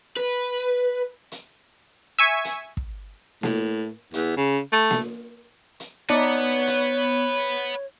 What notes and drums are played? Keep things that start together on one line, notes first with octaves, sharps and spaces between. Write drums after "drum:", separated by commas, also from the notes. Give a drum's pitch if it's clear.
B4
drum: hi-hat
E5 G#5 C#6
drum: hi-hat
drum: kick
A2, drum: snare A#3
E2, drum: hi-hat
C#3
A3
drum: snare A#3
drum: hi-hat
B3 D#4 B4 C#5 D5 F#5 A5
drum: hi-hat